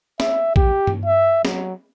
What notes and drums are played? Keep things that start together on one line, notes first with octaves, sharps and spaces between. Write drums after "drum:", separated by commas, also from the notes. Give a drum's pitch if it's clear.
E5, drum: snare
G4, drum: kick
drum: tom G2
E5
F#3, drum: snare